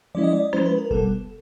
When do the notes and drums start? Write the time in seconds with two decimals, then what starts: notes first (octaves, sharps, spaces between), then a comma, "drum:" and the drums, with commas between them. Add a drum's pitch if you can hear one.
0.15 F3 G#3 C#4 E4 D5
0.24 D#5
0.33 D5
0.53 F3 G#3 C#4 E4 C5, drum: rim click
0.66 B4
0.78 A#4
0.91 B2 G3 B3 A4, drum: kick F1